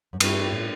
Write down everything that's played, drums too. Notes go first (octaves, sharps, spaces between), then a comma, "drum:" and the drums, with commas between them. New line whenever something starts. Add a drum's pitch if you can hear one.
F#2
G2 E3 A3 E4 G4, drum: cymbal
A2